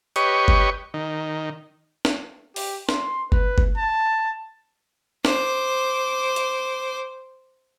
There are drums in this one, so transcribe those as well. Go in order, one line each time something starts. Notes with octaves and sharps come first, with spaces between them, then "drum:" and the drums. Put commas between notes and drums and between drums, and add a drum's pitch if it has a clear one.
G4 B4 C#5 D#5 C#6, drum: hi-hat
drum: kick F#1
D#3
drum: snare
G4, drum: open hi-hat
C6, drum: snare
B4, drum: kick F#1
drum: kick F#1
A5
C5 D6, drum: snare
drum: hi-hat